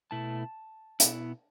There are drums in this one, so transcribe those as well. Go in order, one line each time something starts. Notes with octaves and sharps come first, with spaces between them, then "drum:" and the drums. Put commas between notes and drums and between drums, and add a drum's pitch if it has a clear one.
B2 A3 E4 A5
B2 B3 E4, drum: hi-hat